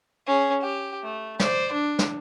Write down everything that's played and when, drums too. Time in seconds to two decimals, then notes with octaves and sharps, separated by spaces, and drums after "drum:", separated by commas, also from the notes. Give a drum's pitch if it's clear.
0.27 C#4 G#4
0.61 G4
1.03 A3
1.39 C5 D5, drum: snare
1.73 D4
1.99 drum: snare